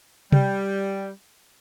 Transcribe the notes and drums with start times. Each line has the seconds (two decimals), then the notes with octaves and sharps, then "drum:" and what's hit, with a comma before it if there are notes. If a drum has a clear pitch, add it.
0.32 G3, drum: tom C3